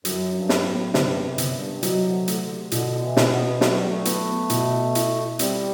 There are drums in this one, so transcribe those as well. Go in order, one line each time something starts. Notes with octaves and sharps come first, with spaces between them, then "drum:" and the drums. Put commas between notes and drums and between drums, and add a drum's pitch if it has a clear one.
F#2 F#3, drum: hi-hat
G2
B3, drum: snare
A2
G2 C3, drum: snare
F#2
C3, drum: hi-hat
G2
B2 F#3, drum: hi-hat
D3
D3 A3, drum: hi-hat
D3
C3
B2 D3, drum: hi-hat
E3
B2, drum: snare
B3
F#3 B3, drum: snare
A3
G3
A3
B3, drum: hi-hat
B2, drum: hi-hat
E4, drum: hi-hat
G3 C4, drum: hi-hat